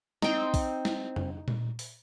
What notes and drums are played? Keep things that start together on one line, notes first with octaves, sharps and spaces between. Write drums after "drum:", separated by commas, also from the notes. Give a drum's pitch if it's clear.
C4 D#4 G5, drum: snare
drum: kick, open hi-hat
drum: snare
drum: tom F2
drum: tom A#2
drum: open hi-hat